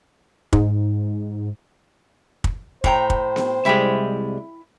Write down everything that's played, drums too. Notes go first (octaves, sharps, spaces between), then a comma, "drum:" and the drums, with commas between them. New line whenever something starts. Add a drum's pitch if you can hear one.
G#2, drum: kick
drum: kick
A2 C5 G5 A#5, drum: kick
drum: kick
drum: snare B3
C2 G3 G#3 E4 E5 G5